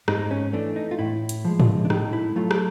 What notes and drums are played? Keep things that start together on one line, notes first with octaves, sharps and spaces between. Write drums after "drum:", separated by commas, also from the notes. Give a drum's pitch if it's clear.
G#2 D#4, drum: rim click
C#4
E3 A3 D4
D#4
F4
A2 E4
drum: hi-hat
F3 G#3
drum: tom G#2
D4
A2 D#4, drum: rim click
E4
F#3 A3 F4
drum: rim click